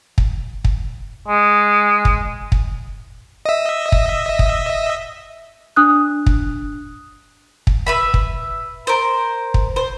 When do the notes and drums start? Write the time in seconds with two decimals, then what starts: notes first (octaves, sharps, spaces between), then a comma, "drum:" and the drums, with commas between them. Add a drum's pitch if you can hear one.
0.18 drum: kick
0.65 drum: kick
1.28 G#3
2.05 drum: kick
2.52 drum: kick
3.45 D#5 E5
3.92 drum: kick
4.39 drum: kick
5.76 D4 D#6 F#6
6.26 drum: kick
7.67 drum: kick
7.86 B4 E5 B5
8.14 drum: kick
8.87 A#4 C5
9.54 drum: kick
9.76 C5